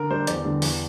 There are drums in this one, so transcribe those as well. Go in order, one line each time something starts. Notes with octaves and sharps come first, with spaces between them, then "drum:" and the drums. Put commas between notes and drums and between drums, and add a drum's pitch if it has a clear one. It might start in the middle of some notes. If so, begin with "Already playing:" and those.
Already playing: D3 A#4
G3 D4 C5
E2 D5, drum: hi-hat
D3 G3
E2, drum: open hi-hat